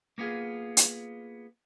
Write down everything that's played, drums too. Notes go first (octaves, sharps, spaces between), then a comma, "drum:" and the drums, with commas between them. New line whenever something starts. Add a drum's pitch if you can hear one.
A#3 B3 F4 G#4
drum: hi-hat